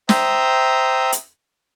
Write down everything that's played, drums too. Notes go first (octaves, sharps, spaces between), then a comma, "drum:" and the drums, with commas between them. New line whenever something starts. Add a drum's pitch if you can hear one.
C5 E5 G5 A#5 D#6, drum: snare
drum: hi-hat